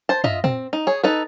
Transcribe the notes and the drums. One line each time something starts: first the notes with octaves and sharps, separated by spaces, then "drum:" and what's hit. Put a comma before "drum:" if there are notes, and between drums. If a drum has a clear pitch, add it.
C5 A5
F4 D#5 E5, drum: tom
C4, drum: tom A#2
D#4
G#4 C#5
D#4 A4 B4